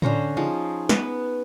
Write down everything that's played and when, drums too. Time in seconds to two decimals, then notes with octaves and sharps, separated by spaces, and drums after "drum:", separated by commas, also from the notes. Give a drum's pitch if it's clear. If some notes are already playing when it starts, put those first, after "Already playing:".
0.02 D3 C#4 C5 A#5, drum: tom A2
0.37 F3 D#4 G#4
0.89 B3 B4, drum: snare